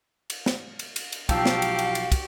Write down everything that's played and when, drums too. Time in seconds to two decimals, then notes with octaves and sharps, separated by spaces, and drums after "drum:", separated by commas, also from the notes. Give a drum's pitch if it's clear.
0.30 drum: cymbal
0.46 drum: snare
0.79 drum: cymbal
0.96 drum: cymbal
1.12 drum: cymbal
1.29 B1 F3 F#4 G4 F5 G5 A5 E6, drum: kick, cymbal
1.46 drum: snare
1.62 drum: cymbal
1.79 drum: cymbal
1.95 drum: cymbal
2.12 drum: kick, cymbal